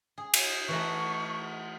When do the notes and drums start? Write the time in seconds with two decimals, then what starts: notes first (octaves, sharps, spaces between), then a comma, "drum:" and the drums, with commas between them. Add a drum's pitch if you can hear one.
0.18 G#4
0.34 drum: cymbal
0.68 E3 A3 A#5 C#6